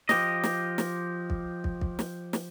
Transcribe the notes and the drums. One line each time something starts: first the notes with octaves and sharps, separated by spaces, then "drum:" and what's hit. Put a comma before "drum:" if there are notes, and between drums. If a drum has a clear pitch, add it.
F3 G4 D#5, drum: snare
drum: snare
drum: snare
drum: kick
drum: kick
drum: kick
drum: snare
drum: snare